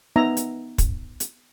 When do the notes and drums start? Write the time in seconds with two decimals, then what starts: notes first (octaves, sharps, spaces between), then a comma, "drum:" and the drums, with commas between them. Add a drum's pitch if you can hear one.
0.16 B3 D#4 E5 A#5
0.37 drum: hi-hat
0.78 drum: kick, hi-hat
1.20 drum: hi-hat